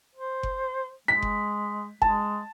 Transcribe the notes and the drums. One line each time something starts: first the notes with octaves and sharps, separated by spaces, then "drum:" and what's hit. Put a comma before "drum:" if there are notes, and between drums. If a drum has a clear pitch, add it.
C5
drum: kick F#1
G#3 B6
drum: kick F#1
G#3 A5, drum: kick F#1